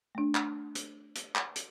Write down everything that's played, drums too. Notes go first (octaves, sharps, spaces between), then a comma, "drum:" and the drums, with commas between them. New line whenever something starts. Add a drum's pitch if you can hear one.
A3 D4
drum: clap
drum: hi-hat
drum: hi-hat
drum: clap
drum: hi-hat